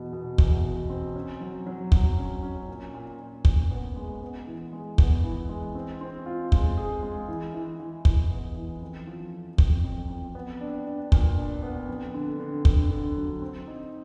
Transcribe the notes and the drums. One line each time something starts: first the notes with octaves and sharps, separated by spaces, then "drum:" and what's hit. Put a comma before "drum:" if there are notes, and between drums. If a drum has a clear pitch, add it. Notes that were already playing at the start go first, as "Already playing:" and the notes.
Already playing: E2 B2
B2
E2, drum: kick
B2
C4
C#4
F#3
F#3
F#3, drum: kick
C#4
C#4
A#2
A#2
A#2
A#2, drum: kick
B3
G#3
B3
E3
G#3
B3, drum: kick
E3
G#3
C4
C4
F4
G#3, drum: kick
G#4
G#3
E3
E3
E3
E3, drum: kick
B3
E3
F2
F3
F2
F2, drum: kick
F2
F2
B3
D4
D4
A#2, drum: kick
D4
B3
F2
D3
D3
D3, drum: kick
D3
F#3
C4
D#4